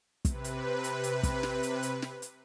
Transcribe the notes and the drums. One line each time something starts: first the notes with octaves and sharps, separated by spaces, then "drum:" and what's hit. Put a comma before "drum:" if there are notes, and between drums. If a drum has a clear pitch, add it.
C3 B4, drum: kick, hi-hat
drum: hi-hat
drum: hi-hat
drum: hi-hat
drum: kick, hi-hat
drum: snare
drum: hi-hat
drum: hi-hat
drum: snare
drum: hi-hat